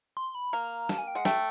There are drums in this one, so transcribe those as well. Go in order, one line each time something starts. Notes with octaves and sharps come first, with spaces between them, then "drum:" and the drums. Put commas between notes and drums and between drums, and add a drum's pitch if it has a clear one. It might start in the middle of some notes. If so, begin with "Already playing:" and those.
C6
B5
A#3 A#5
A5, drum: snare
G#5
G5
G#3 F#5
A3 G5, drum: snare